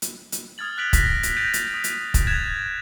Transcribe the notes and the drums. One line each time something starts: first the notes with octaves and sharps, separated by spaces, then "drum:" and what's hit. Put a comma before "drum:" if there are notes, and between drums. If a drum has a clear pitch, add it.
drum: hi-hat
drum: hi-hat
D#6 F6 G#6 A6 F#7
F#6 A6 B6 D7 F7 F#7
F#6 A#6 B6, drum: kick, hi-hat
drum: hi-hat
G6 A6 A#6 D7 D#7 F7
drum: hi-hat
D#6
drum: hi-hat
drum: kick, hi-hat
F#6 G#6 A6 E7 F7